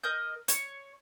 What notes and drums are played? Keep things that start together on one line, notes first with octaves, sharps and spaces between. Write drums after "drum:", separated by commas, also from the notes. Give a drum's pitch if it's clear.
A#4 D#5 D#6 G6
C#5, drum: hi-hat